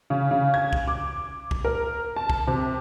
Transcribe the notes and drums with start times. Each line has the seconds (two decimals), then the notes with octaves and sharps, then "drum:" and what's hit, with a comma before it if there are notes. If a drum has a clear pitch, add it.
0.10 C#3
0.31 C#3
0.54 G#6
0.73 drum: kick
0.88 D6
1.51 drum: kick
1.65 A#4
2.16 A5
2.30 drum: kick
2.48 C3